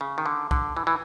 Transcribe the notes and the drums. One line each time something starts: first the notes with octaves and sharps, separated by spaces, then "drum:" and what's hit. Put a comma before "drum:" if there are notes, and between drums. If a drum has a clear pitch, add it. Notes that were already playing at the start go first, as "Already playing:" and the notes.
C#3
D#3
D3
D3, drum: kick C2
E3
E3